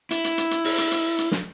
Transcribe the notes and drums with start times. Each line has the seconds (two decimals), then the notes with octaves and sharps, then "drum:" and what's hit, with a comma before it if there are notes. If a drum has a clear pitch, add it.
0.11 E4, drum: hi-hat
0.24 drum: hi-hat
0.38 drum: hi-hat
0.51 drum: hi-hat
0.64 drum: open hi-hat
0.78 drum: hi-hat
0.91 drum: hi-hat
1.18 drum: hi-hat
1.32 drum: snare